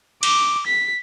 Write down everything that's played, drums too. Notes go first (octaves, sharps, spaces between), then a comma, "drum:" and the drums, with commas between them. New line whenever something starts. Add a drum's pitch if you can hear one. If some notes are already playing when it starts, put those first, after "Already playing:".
D6, drum: cymbal
B6